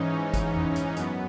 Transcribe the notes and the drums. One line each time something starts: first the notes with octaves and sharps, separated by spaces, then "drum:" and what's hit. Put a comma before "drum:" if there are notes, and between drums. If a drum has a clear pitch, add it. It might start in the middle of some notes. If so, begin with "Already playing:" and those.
Already playing: G#2 E3 C#4 D#4
drum: kick, hi-hat
drum: tom E2
drum: hi-hat
F#2 B3, drum: hi-hat